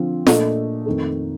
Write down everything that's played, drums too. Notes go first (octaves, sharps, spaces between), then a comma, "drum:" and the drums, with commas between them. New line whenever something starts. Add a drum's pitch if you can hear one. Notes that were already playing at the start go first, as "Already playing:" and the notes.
Already playing: D3 F3 C4 F4
A#2 A3 D4 A4 D#5, drum: snare
F2 D#3 A3